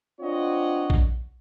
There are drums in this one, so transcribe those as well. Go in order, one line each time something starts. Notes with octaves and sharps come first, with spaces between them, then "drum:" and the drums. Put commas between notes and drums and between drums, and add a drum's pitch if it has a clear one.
C4 D4 F4 C#5 D#5 F#5
drum: kick A#1